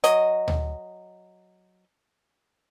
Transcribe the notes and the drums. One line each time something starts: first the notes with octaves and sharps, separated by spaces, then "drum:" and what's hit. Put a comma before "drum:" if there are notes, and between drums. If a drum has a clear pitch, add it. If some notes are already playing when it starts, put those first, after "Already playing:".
F#3 D#5, drum: hi-hat
drum: tom D2